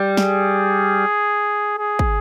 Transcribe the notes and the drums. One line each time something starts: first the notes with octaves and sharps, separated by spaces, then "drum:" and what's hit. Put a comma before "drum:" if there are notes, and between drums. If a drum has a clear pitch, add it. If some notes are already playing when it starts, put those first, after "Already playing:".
Already playing: G3
G#4, drum: snare
G#4
drum: kick